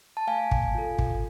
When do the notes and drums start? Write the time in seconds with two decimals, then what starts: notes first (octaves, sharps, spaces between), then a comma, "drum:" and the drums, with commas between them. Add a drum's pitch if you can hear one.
0.17 A5
0.27 A3 F5 G#5
0.51 drum: kick
0.75 F4 A4
0.99 drum: kick